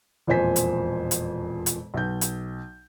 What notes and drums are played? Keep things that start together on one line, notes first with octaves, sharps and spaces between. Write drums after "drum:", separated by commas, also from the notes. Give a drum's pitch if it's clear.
E1 F2 A#2 C5 G#5 B6
drum: hi-hat
drum: hi-hat
drum: hi-hat
B1 G6
drum: hi-hat